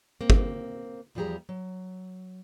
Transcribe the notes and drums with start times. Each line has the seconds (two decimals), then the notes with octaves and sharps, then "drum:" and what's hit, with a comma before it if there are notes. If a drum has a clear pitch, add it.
0.21 A#3 C4
0.30 drum: kick G1
1.15 E2 F3 G3 G4 G#4 A#5
1.49 F#3